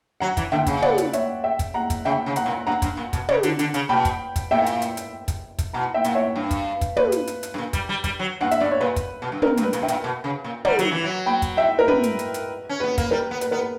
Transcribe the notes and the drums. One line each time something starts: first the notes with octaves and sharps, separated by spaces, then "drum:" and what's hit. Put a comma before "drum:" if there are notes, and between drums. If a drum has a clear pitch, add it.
F#3 F#5 A#5
E3, drum: kick, hi-hat
D3 E5 G5
C#3, drum: kick, hi-hat
D5 F#5, drum: tom
drum: hi-hat
C#5 E5, drum: hi-hat
E5 G5
drum: kick, hi-hat
F#5 A#5
drum: kick, hi-hat
C#3 E5 G5
C#3
F#5 A#5, drum: hi-hat
A#2
G2 F#5 A#5
G2, drum: kick, hi-hat
A#2
B2, drum: kick, hi-hat
C#3, drum: tom
D3, drum: hi-hat
D3, drum: hi-hat
C#3, drum: hi-hat
B2 G5 B5
drum: kick, hi-hat
drum: kick, hi-hat
A#2 E5 G5
drum: hi-hat
drum: hi-hat
drum: hi-hat
drum: kick, hi-hat
drum: kick, hi-hat
B2 F#5 A#5
E5 G5
A#2 F#5, drum: hi-hat
C#5 E5
G2
drum: kick, hi-hat
drum: kick, hi-hat
B4, drum: tom
drum: hi-hat
drum: hi-hat
drum: hi-hat
G2
A#2
G3, drum: kick, hi-hat
G3
G3, drum: kick, hi-hat
F#3
G2 F#5
E5, drum: hi-hat
G2 D5
C#5
A#2 B4
drum: kick, hi-hat
B2
G2
A#2 A#4, drum: tom
G2, drum: hi-hat
B4
A#2, drum: hi-hat
G2 E5 G5
A#2, drum: hi-hat
B2
C#3
A#2
G3 F#5 A#5, drum: tom
F#3, drum: hi-hat
E3
F#3
G5 B5
drum: kick, hi-hat
E5 G5
A#4
B4, drum: tom
drum: hi-hat
drum: hi-hat
drum: hi-hat
C#4
B3 B4
A#3, drum: kick, hi-hat
G3 A#4
B3
B4, drum: hi-hat
B3 A#4
B4